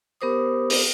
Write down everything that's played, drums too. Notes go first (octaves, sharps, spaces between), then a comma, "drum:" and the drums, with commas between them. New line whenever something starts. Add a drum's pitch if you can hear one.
B3 G4 A#4 C5 D6 D#6
drum: open hi-hat